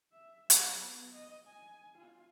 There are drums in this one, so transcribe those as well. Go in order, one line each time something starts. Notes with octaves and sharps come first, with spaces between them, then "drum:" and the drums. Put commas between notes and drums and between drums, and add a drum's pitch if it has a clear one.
E5
F#3, drum: hi-hat
B3
D#5
G#5
F4